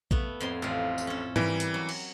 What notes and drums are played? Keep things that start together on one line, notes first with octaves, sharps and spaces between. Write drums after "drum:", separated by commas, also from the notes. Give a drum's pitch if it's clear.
A3 B3, drum: kick A#1
F2 A2 C6
A1 A2 F4
drum: tambourine
C#4 A4
E3 G3 A#4 B5, drum: tom G#2
drum: hi-hat
F#3
drum: cymbal